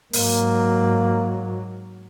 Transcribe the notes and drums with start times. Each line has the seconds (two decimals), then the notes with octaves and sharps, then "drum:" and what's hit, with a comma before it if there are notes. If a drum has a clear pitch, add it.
0.13 G#2 F#3 A#3, drum: open hi-hat